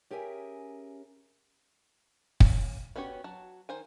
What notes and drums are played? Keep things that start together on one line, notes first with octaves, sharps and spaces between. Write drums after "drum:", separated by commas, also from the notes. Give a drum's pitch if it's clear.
C#4 G4 G#4 A#4 E5 G#5
A#3 C#4, drum: kick
B3 C#4 F#4 G4 C#5
F#3 F#4 A5
D#3 C5 G#5